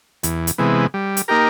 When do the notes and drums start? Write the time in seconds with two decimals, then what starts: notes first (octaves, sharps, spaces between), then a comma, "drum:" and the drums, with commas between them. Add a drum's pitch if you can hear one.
0.23 E2, drum: hi-hat
0.47 drum: hi-hat
0.58 C3 E3 G#3 B3
0.94 G3
1.17 drum: hi-hat
1.28 A#3 D#4 G4 A#4